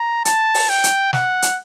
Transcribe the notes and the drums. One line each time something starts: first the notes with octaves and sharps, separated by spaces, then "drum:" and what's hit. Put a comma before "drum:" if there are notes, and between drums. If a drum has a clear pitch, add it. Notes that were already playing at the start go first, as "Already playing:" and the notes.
Already playing: A#5
A5, drum: hi-hat
drum: open hi-hat
G5
drum: hi-hat
F#5, drum: snare
drum: hi-hat